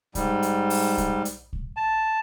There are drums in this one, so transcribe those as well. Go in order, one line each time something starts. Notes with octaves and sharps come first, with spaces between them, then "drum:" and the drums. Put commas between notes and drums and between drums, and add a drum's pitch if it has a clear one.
G#2 G3, drum: kick, hi-hat
drum: hi-hat
drum: open hi-hat
drum: kick, hi-hat
drum: hi-hat
drum: kick
A5